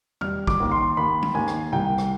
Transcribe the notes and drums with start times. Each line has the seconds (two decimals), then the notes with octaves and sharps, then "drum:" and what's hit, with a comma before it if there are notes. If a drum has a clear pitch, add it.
0.21 G3 F6, drum: tom E2
0.47 D6, drum: kick
0.60 D#2
0.71 C6
0.97 D#2 B5
1.22 drum: tom
1.34 D#2 G#5
1.48 drum: rim click
1.72 C2 G5
1.98 drum: rim click